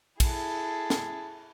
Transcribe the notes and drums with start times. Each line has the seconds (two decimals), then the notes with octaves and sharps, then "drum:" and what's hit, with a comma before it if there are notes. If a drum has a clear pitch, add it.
0.20 E4 G#4 A4, drum: kick A#1, cymbal
0.90 drum: snare